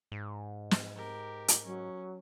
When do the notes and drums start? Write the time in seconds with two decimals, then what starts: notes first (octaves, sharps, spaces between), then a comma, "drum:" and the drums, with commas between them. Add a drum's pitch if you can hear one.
0.12 G#2
0.71 drum: snare
0.96 G4 A#4
1.48 drum: hi-hat
1.65 F#3 C#4